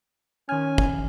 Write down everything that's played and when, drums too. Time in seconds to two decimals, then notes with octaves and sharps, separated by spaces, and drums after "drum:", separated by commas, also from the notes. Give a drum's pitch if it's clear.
0.49 D#3 C#4 G#5 F6
0.78 drum: kick